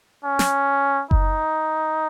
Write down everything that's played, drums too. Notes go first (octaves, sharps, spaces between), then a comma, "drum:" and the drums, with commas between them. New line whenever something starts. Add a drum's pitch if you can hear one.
C#4
drum: snare
D#4, drum: kick F#1